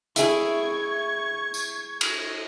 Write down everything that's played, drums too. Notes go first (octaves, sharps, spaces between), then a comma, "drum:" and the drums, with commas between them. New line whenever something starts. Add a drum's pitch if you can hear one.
E4 G#4 C#6 G#6, drum: hi-hat
drum: tambourine
drum: cymbal